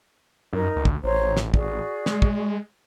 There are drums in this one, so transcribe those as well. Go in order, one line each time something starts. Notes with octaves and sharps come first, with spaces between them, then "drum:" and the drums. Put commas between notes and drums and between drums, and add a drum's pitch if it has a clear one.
F#2 D#4 A#4
D2
drum: kick
A1 C5 C#5 A#5
drum: snare
F#4 G#4 D5, drum: kick
G#3, drum: snare
drum: kick